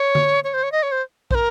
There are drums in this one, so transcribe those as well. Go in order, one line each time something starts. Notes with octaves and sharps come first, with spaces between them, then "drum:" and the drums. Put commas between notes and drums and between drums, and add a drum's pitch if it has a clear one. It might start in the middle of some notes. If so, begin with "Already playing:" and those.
Already playing: C#5
drum: tom D3
C#5
C5
C#5
D#5
C#5
C5
C5, drum: kick
A#4